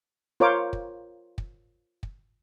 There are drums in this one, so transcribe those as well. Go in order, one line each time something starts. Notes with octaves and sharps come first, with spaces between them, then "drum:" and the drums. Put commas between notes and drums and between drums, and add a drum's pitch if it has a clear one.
F4 A#4 C5 C#5 F5 D6
drum: kick
drum: kick
drum: kick